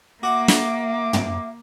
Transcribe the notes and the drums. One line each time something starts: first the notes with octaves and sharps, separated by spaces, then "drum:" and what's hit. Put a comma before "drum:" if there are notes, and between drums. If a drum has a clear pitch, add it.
A#3 F#4 E5 F#5 D6
drum: snare
drum: tom